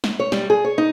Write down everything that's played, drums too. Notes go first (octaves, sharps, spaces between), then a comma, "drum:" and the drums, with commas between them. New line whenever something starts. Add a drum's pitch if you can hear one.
drum: snare
C#5
G3, drum: snare
G#4
C#5
D#4